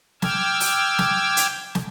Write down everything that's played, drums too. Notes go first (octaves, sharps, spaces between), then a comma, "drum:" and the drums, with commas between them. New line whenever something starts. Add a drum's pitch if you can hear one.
G5 D6 E6 F6 G#6, drum: snare
drum: open hi-hat
drum: snare
drum: hi-hat
drum: snare